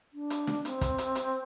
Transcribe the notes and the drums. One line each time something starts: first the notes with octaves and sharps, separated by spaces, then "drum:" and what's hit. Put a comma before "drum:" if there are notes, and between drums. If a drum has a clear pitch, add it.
D4
drum: hi-hat
drum: snare
C4, drum: hi-hat
drum: kick, hi-hat
drum: hi-hat
drum: hi-hat